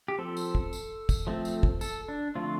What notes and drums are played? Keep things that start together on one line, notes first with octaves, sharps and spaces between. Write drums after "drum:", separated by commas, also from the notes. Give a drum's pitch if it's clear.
G4
F3 C4 A4
drum: tambourine
drum: kick
drum: tambourine
drum: kick, tambourine
F3 A3 C4
drum: tambourine
drum: kick
A4, drum: tambourine
D4
D3 F3 A3 C4 F4